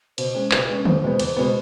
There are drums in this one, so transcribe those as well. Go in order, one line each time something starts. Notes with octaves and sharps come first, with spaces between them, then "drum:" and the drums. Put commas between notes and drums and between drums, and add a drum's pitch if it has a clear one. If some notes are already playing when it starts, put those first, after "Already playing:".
B2 C5, drum: cymbal
G#3 C#4
B2 B4, drum: clap
G#3 C#4 B4
E2 C5, drum: tom D3
B2 G#3 B3
E2, drum: cymbal
B2 G#3 B3